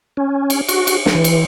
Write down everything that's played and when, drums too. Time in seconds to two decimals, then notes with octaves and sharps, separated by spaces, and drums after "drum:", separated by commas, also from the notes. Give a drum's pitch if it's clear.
0.17 C#4
0.50 drum: cymbal
0.68 F#4, drum: cymbal
0.87 drum: cymbal
1.06 drum: snare
1.15 E3
1.24 drum: cymbal